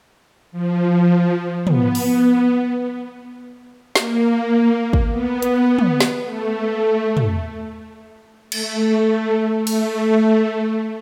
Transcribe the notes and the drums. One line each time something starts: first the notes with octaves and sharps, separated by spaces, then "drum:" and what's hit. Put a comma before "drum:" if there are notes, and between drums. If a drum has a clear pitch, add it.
F3
B3, drum: tom
drum: open hi-hat
A#3, drum: snare
drum: kick
B3
drum: hi-hat
drum: tom
drum: snare
A3
drum: tom
A3, drum: cymbal
A3, drum: cymbal